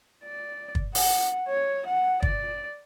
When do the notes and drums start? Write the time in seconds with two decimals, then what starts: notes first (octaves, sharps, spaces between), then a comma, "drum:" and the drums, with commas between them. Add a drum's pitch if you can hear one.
0.25 D5
0.75 drum: kick
0.95 F#5, drum: open hi-hat
1.48 C#5
1.86 F#5
2.22 D5, drum: kick